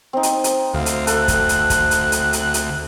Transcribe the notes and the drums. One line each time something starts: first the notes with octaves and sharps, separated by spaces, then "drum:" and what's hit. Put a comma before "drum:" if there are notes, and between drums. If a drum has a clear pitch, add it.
C4 D#4
drum: hi-hat
drum: hi-hat
D2 F5
drum: hi-hat
A4 F#6, drum: hi-hat
drum: kick, hi-hat
drum: hi-hat
drum: kick, hi-hat
drum: hi-hat
drum: hi-hat
drum: hi-hat
drum: hi-hat